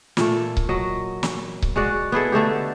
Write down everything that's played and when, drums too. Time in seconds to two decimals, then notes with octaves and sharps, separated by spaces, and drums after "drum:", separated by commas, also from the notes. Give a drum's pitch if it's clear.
0.17 A#2 A3, drum: snare
0.57 drum: kick C#1
0.69 F#3 D#5
1.23 drum: snare
1.62 drum: kick C#1
1.76 G#3 F#4 D5
2.12 B3 E4 G#4 A4
2.32 D3 A3 D#4 G4